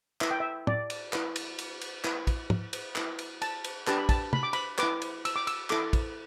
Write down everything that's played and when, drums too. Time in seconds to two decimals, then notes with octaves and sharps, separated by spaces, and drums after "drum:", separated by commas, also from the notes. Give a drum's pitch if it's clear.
0.21 E4 B4 E5, drum: clap
0.31 G5
0.40 E5
0.67 D5, drum: tom
0.90 drum: cymbal
1.13 E4 B4, drum: clap
1.36 drum: cymbal
1.59 drum: cymbal
1.81 drum: cymbal
2.04 E4 B4, drum: clap
2.27 drum: kick, cymbal
2.50 drum: tom
2.73 drum: cymbal
2.96 E4 B4, drum: clap
3.19 drum: cymbal
3.42 A5, drum: cymbal
3.64 drum: cymbal
3.87 D4 G4 B4 A5, drum: clap
3.98 B5
4.09 A5, drum: kick, cymbal
4.33 B5, drum: tom
4.43 D6
4.53 B5, drum: cymbal
4.78 E4 B4 D6, drum: clap
5.02 drum: cymbal
5.25 E6, drum: cymbal
5.36 D6
5.47 E6, drum: cymbal
5.70 E4 A4 D6, drum: clap
5.93 drum: kick, cymbal